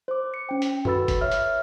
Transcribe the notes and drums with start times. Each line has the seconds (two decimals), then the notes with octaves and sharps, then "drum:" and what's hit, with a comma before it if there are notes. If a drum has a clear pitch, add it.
0.08 C5 D6
0.34 C#7
0.49 C#4 G5
0.62 drum: hi-hat
0.85 F#4 A4 B4 B5 E6 A6, drum: tom
1.08 drum: kick F#1, hi-hat
1.21 C#5 E5 F6
1.31 drum: hi-hat